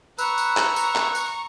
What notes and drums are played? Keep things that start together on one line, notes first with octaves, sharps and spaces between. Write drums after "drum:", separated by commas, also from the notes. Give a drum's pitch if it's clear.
B4 A#5 C#6 E6, drum: tambourine
drum: tambourine
drum: clap
drum: tambourine
drum: clap
drum: tambourine